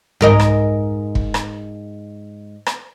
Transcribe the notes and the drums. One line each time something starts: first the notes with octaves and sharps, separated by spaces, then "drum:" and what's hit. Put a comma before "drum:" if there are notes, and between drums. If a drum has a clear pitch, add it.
G#2 A#4 D#5, drum: tom
drum: rim click
drum: kick
drum: rim click
drum: rim click